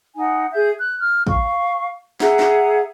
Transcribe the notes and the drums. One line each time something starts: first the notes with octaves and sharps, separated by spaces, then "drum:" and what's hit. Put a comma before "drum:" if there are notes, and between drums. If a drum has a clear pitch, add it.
D#4 F#5 G#5
G#4 E5 G6
F#6
F6
F5 C#6, drum: kick
G#4 E5 F#5 A#5, drum: snare
drum: snare